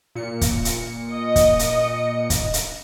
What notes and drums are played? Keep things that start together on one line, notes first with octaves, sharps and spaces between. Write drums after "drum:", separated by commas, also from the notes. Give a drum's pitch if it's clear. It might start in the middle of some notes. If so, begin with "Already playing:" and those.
A#2 C#7
drum: kick, hi-hat
drum: hi-hat
D#5
drum: kick, hi-hat
drum: hi-hat
drum: kick, hi-hat
drum: hi-hat